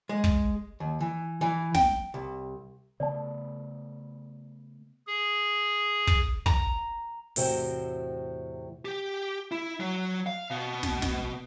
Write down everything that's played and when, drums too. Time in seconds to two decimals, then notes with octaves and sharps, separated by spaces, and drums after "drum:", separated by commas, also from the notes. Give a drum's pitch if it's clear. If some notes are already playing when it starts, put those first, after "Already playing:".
0.09 G#3
0.24 drum: kick
0.80 D#2
1.01 E3
1.41 E3
1.75 G5, drum: snare
2.14 C2
3.00 C#3 A3 B3 D5 A5
5.07 G#4
6.07 drum: kick
6.46 A#5, drum: kick
7.36 E2 A2 C3 F#4 C5 G5, drum: open hi-hat
8.85 G4
9.52 E4
9.80 F#3
10.26 F5
10.50 B2
10.83 drum: snare
11.02 drum: snare